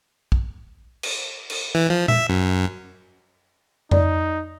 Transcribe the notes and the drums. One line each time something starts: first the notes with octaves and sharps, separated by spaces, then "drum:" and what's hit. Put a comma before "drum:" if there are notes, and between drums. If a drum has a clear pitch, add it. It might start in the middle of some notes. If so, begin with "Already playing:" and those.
drum: kick
drum: cymbal
drum: cymbal
E3
F3
E5, drum: tom A#2
F#2
D#4 D5, drum: tom F2